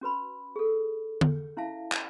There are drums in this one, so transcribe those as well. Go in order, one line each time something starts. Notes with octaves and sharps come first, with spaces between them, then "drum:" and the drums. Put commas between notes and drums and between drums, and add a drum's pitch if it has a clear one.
C#4 F#4 B4 B5
G#4 A4
drum: tom D3
C#4 E4 E5 F5 A5
drum: clap